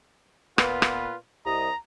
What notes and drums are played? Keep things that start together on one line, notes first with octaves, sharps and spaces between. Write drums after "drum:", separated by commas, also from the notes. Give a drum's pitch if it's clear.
A#2 B3 F4 B4, drum: rim click
drum: rim click
C2 D#5 A#5